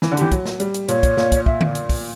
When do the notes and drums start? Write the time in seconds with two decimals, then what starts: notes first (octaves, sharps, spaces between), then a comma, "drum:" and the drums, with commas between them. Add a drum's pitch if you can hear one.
0.02 E3, drum: snare
0.12 D3
0.17 E3 G4, drum: hi-hat
0.32 F#3, drum: kick, hi-hat
0.46 drum: snare
0.60 G3, drum: hi-hat
0.74 drum: hi-hat
0.88 A#2 C#5, drum: hi-hat
1.03 drum: kick, hi-hat
1.17 A#2, drum: snare
1.32 drum: kick, hi-hat
1.46 E5, drum: kick
1.61 drum: tom D3
1.75 drum: hi-hat
1.89 drum: kick, open hi-hat